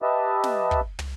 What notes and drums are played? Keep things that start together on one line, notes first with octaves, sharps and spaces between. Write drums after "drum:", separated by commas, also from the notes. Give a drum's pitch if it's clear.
G4 B4 D#5 E5 A5
drum: snare
drum: kick
drum: tom